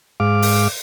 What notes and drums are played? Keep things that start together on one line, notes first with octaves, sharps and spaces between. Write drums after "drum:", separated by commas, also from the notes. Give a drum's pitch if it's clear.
G#2 F5 D6
drum: open hi-hat